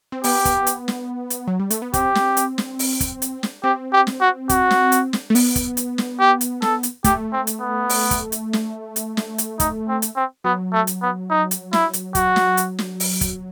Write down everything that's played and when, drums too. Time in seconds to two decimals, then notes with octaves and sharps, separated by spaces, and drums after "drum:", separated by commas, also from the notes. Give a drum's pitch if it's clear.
0.12 C4
0.24 B3 G4, drum: open hi-hat
0.45 drum: kick, hi-hat
0.67 drum: hi-hat
0.88 drum: snare
1.30 drum: hi-hat
1.47 F#3
1.60 G3
1.70 A3, drum: hi-hat
1.82 B3
1.94 C4 G4, drum: kick, hi-hat
2.15 drum: snare
2.37 drum: hi-hat
2.58 drum: snare
2.79 drum: open hi-hat
3.00 drum: kick, hi-hat
3.22 drum: hi-hat
3.43 drum: snare
3.64 C4 G4
3.93 G4
4.07 drum: snare
4.21 F#4
4.49 F#4, drum: kick, hi-hat
4.71 drum: snare
4.92 drum: hi-hat
5.13 drum: snare
5.30 A3
5.35 B3, drum: open hi-hat
5.56 drum: kick, hi-hat
5.77 drum: hi-hat
5.98 drum: snare
6.20 G4
6.41 drum: hi-hat
6.62 A4, drum: snare
6.83 drum: hi-hat
7.04 A3 G4, drum: kick, hi-hat
7.33 C4
7.47 drum: hi-hat
7.61 B3
7.89 drum: open hi-hat
8.11 drum: kick, hi-hat
8.32 drum: hi-hat
8.53 drum: snare
8.96 drum: hi-hat
9.17 drum: snare
9.38 drum: hi-hat
9.60 D#4, drum: kick, hi-hat
9.89 C4
10.02 drum: hi-hat
10.16 C4
10.44 F#3 B3
10.73 A3
10.87 drum: hi-hat
11.02 B3
11.30 D#4
11.51 drum: hi-hat
11.73 E4, drum: snare
11.93 drum: hi-hat
12.15 F#4, drum: kick, hi-hat
12.36 drum: snare
12.57 drum: hi-hat
12.79 drum: snare
13.00 drum: open hi-hat
13.21 drum: kick, hi-hat